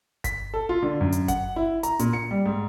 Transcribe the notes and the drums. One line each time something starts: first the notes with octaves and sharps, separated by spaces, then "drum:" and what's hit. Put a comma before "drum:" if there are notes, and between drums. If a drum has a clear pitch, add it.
B6, drum: kick G1, hi-hat
A4
F4
D3
F#2
drum: hi-hat
F#5, drum: kick G1, hi-hat
E4
A#5, drum: hi-hat
A#2, drum: hi-hat
C#7
G3
G#2